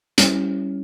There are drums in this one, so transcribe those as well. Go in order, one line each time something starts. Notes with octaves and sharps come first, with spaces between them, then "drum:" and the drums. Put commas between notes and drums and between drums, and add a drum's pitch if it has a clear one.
G3 C#4 E4, drum: hi-hat